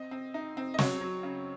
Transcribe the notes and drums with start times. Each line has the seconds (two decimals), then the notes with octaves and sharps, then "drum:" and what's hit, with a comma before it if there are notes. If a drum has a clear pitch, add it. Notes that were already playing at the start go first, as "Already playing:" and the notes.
Already playing: C4 D#5
0.11 C4
0.34 D#4
0.57 C4
0.74 D#5
0.78 F#3 C#5, drum: snare
1.01 F#3
1.23 C#3